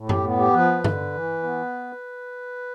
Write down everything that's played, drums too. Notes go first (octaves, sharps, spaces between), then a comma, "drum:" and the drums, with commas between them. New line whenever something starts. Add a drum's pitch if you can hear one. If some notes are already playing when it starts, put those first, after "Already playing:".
Already playing: A2
G4, drum: tom F#2
B3
G4
F3 B4
D3, drum: tom G2
E3
B3